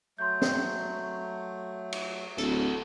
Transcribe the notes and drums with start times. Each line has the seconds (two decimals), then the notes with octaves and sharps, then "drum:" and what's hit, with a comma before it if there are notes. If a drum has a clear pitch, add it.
0.18 F#3 A3 C6 G6
0.42 drum: snare
1.92 drum: cymbal
2.38 D1 F#4 A4, drum: hi-hat